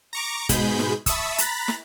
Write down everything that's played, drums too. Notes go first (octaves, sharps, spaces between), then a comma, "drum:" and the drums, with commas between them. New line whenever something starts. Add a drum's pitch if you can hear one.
A#5 C#6 D6
G#2 B2 G#3 G#4 B5 G6, drum: kick, hi-hat
drum: snare
E5 A5 B5 C#6 D#6 E6, drum: kick, hi-hat
A#5 B5 F#6 A6 B6, drum: hi-hat
drum: snare